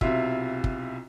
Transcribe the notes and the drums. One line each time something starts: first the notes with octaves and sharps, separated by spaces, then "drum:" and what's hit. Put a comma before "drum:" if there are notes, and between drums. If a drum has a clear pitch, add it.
B1 C3 E4 F4 E5, drum: kick
drum: kick